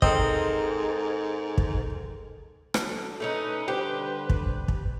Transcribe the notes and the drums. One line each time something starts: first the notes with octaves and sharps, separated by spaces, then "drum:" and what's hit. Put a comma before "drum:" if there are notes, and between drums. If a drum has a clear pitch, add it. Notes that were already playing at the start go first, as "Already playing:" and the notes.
G#2 C4 A4 A#4 D#5, drum: kick
drum: kick
drum: rim click
D3 F#3
A3 C#4 D#4 B4
D3 G3 G4 C5
drum: kick
drum: kick